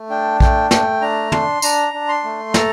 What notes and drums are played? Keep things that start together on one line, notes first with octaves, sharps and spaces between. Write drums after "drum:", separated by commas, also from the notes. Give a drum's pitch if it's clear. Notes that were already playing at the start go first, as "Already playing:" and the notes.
Already playing: A3
D4 G5
A3 G5, drum: kick A#1
A3 G5, drum: snare
D4 A#5
D4 C6, drum: tom
D4 A#5, drum: tambourine
D4
C6
A3
A4 A#5, drum: snare